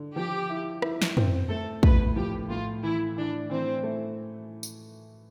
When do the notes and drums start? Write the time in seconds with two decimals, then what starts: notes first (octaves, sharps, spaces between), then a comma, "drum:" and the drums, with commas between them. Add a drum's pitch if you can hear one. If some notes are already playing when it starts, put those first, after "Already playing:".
Already playing: D3
0.16 F3 G4
0.50 E4
0.82 E4, drum: rim click
1.02 drum: snare
1.17 C4, drum: tom
1.50 A3 A4
1.83 A2 B4, drum: kick
2.16 F3 G4
2.49 A2 F4
2.83 E3 E4
3.16 E3 D4
3.50 E3 C4
3.83 A3
4.63 drum: tambourine